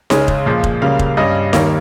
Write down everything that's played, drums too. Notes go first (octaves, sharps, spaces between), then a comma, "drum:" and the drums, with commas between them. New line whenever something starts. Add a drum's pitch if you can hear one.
C#2 C#3 G#3 C#4, drum: snare D#4
drum: kick F1
A#2 F3 G#3
drum: kick F1
C#2 C#3 G3 A#3 F5
drum: kick F1
G2 G3 C#4 D#5
D#2 D#3 G3 A#3 C#5, drum: snare D#4